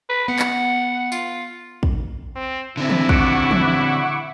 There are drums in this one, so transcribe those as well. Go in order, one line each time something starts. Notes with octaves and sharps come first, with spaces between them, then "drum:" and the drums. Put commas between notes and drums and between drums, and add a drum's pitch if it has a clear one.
B4
B3 F#5
drum: clap
F4, drum: tambourine
drum: kick
C4
D3 C4 E4
drum: tom D#3
F#5 C#6 D6, drum: kick
drum: tom E3